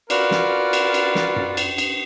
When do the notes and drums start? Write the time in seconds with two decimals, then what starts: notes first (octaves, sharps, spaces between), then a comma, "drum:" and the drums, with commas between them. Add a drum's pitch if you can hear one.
0.10 F4 F#4 A#4 B4 D5, drum: cymbal
0.31 drum: snare
0.73 drum: cymbal
0.94 drum: cymbal
1.15 drum: snare
1.36 drum: tom F#2
1.57 drum: cymbal
1.78 drum: cymbal